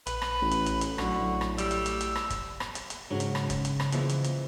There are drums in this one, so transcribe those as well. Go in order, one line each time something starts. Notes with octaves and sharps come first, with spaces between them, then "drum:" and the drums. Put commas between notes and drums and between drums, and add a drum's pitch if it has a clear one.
A#1 B4, drum: hi-hat
drum: rim click
A1
drum: hi-hat
drum: hi-hat
drum: hi-hat
A#1 D3 F#3 F#4, drum: rim click
A2
drum: rim click
G3 E6, drum: hi-hat
drum: hi-hat
drum: hi-hat
drum: hi-hat
drum: rim click
drum: kick, hi-hat
drum: rim click
drum: hi-hat
drum: hi-hat
G#2 C#3 F#3 C#4 A#4
drum: hi-hat
drum: rim click
drum: kick, hi-hat
drum: hi-hat
drum: rim click
E3 F3 G#3 A#3, drum: hi-hat
drum: hi-hat
drum: hi-hat